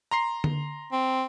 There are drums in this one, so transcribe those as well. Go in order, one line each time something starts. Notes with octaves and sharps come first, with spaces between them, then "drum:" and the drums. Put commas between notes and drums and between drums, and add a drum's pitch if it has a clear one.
A#5 C6 C7
drum: tom D3
C4